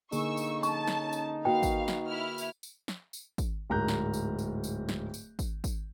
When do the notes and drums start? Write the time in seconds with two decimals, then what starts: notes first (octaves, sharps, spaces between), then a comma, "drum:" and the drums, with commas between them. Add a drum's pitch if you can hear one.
0.12 D3 A#3 D#4 G#4 C#6 E6, drum: tambourine
0.37 drum: tambourine
0.63 C#4 A5 C#6, drum: tambourine
0.88 drum: snare
1.13 drum: tambourine
1.45 A#3 F#4 B4 F5 G5
1.63 drum: kick, tambourine
1.88 drum: snare
2.07 E4 F6
2.38 drum: tambourine
2.63 drum: tambourine
2.88 drum: snare
3.13 drum: tambourine
3.38 drum: kick, tambourine
3.70 D1 G#2 A#4 A#5 F#6 G6
3.88 drum: snare
4.13 drum: tambourine
4.39 drum: tambourine
4.64 drum: tambourine
4.89 drum: snare
5.14 drum: tambourine
5.39 drum: kick, tambourine
5.64 drum: kick, tambourine